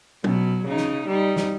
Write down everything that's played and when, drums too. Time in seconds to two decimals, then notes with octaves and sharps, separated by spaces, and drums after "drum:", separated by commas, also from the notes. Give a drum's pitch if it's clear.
0.24 B2 F#3, drum: tom
0.65 C#3 D#4
0.77 drum: snare
1.07 G3 D#4
1.36 drum: snare